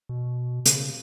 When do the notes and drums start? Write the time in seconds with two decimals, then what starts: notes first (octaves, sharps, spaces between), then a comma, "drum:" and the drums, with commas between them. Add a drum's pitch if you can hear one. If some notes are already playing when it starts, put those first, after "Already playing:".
0.09 B2
0.66 C#3, drum: hi-hat